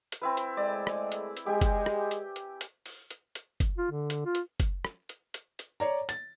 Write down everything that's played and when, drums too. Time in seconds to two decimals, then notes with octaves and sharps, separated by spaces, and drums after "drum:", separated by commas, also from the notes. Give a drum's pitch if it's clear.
0.12 drum: hi-hat
0.22 C4 E4 B4
0.37 drum: hi-hat
0.57 G#3 A3 D5
0.87 drum: rim click
1.12 drum: hi-hat
1.37 drum: hi-hat
1.46 G#3 G4 G5 G#5
1.61 drum: kick F#1, hi-hat
1.86 drum: rim click
2.11 drum: hi-hat
2.36 drum: hi-hat
2.61 drum: hi-hat
2.86 drum: open hi-hat
3.11 drum: hi-hat
3.35 drum: hi-hat
3.60 drum: kick F#1, hi-hat
3.78 F4
3.91 D3
4.10 drum: hi-hat
4.26 F4
4.35 drum: hi-hat
4.60 drum: kick F#1, hi-hat
4.85 drum: rim click
5.09 drum: hi-hat
5.34 drum: hi-hat
5.59 drum: hi-hat
5.80 C#5 D5 A#5
6.09 A6, drum: hi-hat